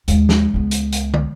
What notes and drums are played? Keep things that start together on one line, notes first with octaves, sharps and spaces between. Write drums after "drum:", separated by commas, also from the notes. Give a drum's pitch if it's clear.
D#2 G#3, drum: hi-hat
drum: snare
C#2 B3
drum: hi-hat
drum: hi-hat
drum: tom